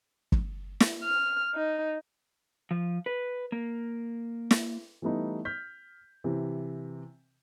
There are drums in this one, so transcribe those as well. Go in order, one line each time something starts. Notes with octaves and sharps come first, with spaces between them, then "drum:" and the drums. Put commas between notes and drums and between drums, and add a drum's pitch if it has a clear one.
drum: kick
drum: snare
F6
D#4
F3
B4
A#3
drum: snare
E3 G3 A3 B3 D#4
F6 G6 B6
C3 E3